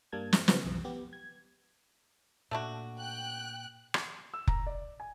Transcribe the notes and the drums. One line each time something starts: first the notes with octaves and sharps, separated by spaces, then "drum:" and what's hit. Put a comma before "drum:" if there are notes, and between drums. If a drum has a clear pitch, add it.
G2 G3 A#3 A5 G#6
drum: snare
C#3 F3 G3 B3 C4 B4, drum: snare
B1 F2 E3
B3 G4
G#6
A#2 A3 D4 F#4
G5 F#6
drum: rim click
E6
A#5, drum: kick F1
D5
G#5